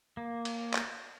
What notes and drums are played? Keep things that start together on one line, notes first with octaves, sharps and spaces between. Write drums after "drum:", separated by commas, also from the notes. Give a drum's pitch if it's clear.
A#3
drum: cymbal
drum: clap